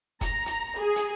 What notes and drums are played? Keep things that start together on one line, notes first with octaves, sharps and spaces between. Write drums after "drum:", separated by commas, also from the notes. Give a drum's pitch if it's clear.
A#5, drum: kick F1, hi-hat
drum: hi-hat
G#4
drum: hi-hat